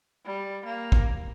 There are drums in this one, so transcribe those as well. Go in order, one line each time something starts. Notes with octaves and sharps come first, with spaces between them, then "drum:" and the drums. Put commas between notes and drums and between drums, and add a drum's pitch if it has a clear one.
G3
A#3
drum: kick